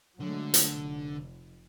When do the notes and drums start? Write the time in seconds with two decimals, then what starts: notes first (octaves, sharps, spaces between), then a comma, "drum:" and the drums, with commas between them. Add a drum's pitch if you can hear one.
0.20 D3 F#3 G#3 A3
0.54 drum: hi-hat
0.74 F1